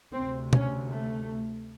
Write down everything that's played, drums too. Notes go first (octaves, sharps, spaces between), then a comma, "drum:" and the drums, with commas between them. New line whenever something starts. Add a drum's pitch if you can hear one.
D2 C3 C4
C#4, drum: tom
A3